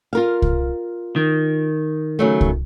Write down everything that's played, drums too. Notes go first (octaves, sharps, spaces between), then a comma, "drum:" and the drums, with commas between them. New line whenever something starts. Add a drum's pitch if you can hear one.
F4 A#4 F5
drum: kick C2
D#3
C#3 F#3 A3
drum: kick C2